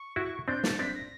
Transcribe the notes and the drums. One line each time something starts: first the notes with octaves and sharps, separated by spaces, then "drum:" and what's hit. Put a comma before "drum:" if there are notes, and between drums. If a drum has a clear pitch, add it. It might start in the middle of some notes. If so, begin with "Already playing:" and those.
Already playing: C#6
E4 F#4
C4 D4 G6
A6, drum: snare
C4 D4 B6
A#6